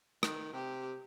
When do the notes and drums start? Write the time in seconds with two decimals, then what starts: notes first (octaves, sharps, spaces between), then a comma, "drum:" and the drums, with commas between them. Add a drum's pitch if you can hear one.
0.23 D#3, drum: rim click
0.53 C3 G4